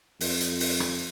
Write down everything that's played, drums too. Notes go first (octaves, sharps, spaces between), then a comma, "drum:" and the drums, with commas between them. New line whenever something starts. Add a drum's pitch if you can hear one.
F2, drum: open hi-hat
drum: hi-hat
drum: open hi-hat
drum: rim click